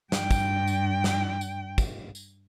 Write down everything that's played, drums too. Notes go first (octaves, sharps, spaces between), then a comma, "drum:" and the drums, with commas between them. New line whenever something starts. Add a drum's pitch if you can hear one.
G2 G5, drum: snare
drum: kick, tambourine
drum: tambourine
drum: snare
drum: tambourine
drum: kick, tambourine
drum: tambourine